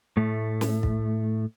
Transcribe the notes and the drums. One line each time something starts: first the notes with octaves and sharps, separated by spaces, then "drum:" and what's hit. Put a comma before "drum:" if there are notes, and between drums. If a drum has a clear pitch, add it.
A2 A3
drum: snare
drum: kick